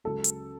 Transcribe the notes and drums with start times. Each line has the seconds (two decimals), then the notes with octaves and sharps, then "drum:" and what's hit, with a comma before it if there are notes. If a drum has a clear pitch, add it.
0.04 C#2 C#3 F#3 A4
0.24 drum: hi-hat